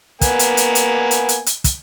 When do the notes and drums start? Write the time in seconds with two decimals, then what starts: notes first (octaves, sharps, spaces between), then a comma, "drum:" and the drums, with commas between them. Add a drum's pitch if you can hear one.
0.21 A#3 B3 G#5, drum: kick, hi-hat
0.39 drum: hi-hat
0.57 drum: hi-hat
0.75 drum: hi-hat
1.11 drum: hi-hat
1.29 drum: hi-hat
1.46 drum: hi-hat
1.64 drum: kick, hi-hat